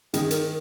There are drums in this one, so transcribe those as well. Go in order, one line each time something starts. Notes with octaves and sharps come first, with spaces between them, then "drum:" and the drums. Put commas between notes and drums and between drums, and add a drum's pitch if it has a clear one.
D#3 G#4, drum: hi-hat
A#4, drum: hi-hat